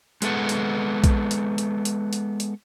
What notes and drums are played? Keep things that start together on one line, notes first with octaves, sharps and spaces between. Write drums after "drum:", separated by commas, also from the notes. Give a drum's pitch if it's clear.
G#3 B3 A4 F#5, drum: hi-hat
drum: hi-hat
drum: kick A#1, hi-hat
drum: hi-hat
drum: hi-hat
drum: hi-hat
drum: hi-hat
drum: hi-hat